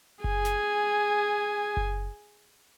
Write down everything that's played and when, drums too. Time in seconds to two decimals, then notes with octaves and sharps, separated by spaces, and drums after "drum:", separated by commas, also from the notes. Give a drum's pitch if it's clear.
0.24 G#4 G#5, drum: kick F#1
0.45 drum: snare
1.77 drum: kick F#1